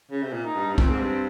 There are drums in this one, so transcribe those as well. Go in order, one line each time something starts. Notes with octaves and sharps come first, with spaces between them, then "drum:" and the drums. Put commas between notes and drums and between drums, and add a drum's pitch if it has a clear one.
C#3
C3
A#2
D#4
G2
G2
A#2 C4, drum: kick
G#2
G2